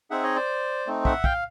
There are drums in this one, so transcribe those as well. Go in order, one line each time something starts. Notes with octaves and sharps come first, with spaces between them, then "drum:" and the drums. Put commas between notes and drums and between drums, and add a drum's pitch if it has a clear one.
C4 D#4 G#4 E5 F#5
C#5 D#5
C5 D5
A3 C4 D#4
E5 F#5, drum: kick
F5 G5, drum: kick